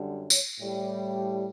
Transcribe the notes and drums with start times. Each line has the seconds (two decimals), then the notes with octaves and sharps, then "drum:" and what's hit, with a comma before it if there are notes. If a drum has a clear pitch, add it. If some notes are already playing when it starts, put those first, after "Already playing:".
Already playing: F#2 D3 G3
0.30 C#5, drum: tambourine
0.58 A2 G3